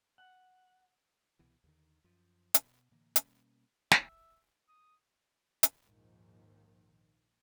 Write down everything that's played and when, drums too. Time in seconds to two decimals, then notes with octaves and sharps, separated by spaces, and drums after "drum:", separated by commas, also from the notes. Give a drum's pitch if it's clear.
0.18 F#5
1.39 C2 B2 E3
1.64 D#2 D3 D#3
2.04 F#2 F3
2.54 B2, drum: hi-hat
2.91 A2 D3 E3 A#3
3.16 B2 G3 A#3 C#4, drum: hi-hat
3.91 E5, drum: snare
4.69 D#6
5.63 drum: hi-hat
5.81 A#1 D#2 G#2 D#3 F3